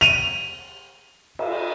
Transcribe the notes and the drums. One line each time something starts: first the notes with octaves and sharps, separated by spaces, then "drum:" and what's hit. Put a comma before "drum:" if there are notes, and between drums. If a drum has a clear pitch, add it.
D#7 F7, drum: cymbal
drum: cymbal